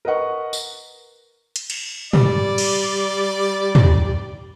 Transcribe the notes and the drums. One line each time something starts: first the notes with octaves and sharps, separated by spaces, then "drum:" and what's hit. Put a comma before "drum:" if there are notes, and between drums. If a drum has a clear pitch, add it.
A#4 B4 D#5 F#5 C#6
drum: tambourine
drum: hi-hat
drum: cymbal
G3 D5, drum: tom
drum: cymbal
drum: tom